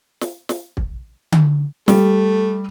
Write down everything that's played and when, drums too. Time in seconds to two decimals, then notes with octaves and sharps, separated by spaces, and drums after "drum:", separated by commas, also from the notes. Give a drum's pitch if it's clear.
0.21 drum: snare
0.49 drum: snare
0.77 drum: kick
1.32 drum: tom D3
1.88 G3 A3, drum: snare